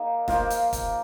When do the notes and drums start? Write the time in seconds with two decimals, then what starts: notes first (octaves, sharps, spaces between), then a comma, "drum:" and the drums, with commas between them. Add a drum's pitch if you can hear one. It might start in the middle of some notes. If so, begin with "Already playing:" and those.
Already playing: A#3 D#4 G#4
0.28 F3 A#3 F4 C5 F5, drum: snare E1
0.50 drum: hi-hat
0.73 drum: kick, hi-hat